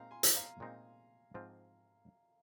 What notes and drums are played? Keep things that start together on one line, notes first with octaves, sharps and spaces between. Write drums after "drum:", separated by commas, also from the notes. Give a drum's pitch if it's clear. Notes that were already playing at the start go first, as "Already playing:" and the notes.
Already playing: A#2 G#3 C4 D#4 F5 A#5
G#5 C6
drum: hi-hat
F5 A#5
A#2 G#3 C4 D#4
G#2 F3 C4 F4